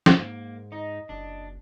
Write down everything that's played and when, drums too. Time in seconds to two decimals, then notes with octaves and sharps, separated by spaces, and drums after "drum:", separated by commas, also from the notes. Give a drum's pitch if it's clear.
0.06 drum: snare
0.18 G#2 A#3
0.72 D#4 D#5
1.09 F#1 D4